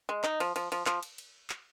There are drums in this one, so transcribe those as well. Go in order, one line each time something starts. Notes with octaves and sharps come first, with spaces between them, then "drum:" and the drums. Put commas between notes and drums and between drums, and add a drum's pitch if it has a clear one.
G#3
D#4, drum: clap
F3, drum: cymbal
F3, drum: cymbal
F3, drum: cymbal
F3, drum: clap
drum: cymbal
drum: cymbal
drum: clap